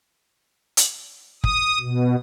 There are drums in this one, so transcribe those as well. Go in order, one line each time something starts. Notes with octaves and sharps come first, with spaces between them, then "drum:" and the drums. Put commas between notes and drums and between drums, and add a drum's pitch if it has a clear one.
drum: hi-hat
D#6, drum: kick
B2